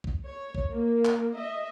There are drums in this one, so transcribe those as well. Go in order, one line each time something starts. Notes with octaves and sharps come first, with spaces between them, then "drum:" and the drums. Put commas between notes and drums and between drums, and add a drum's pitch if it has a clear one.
drum: kick
C#5
drum: kick
A#3
drum: clap
D#5 E5